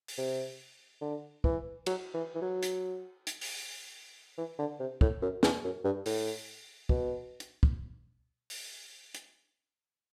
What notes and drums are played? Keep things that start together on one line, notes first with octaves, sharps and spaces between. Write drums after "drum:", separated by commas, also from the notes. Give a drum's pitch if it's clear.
drum: open hi-hat
C3
D3
E3, drum: kick
F#3, drum: cymbal
E3
E3
F#3
drum: hi-hat
drum: hi-hat
drum: open hi-hat
E3
D3
C3
A2, drum: kick
F#2
E2, drum: snare
F#2
G2
A2, drum: open hi-hat
B2, drum: kick
drum: hi-hat
drum: kick
drum: open hi-hat
drum: hi-hat